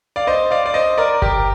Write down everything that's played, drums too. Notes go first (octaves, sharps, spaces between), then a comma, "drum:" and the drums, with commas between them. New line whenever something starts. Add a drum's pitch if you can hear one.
D5 F5
C5 D#5
D5 F5
D5
C5 D#5
A#4 D5
G4 A#4, drum: kick G1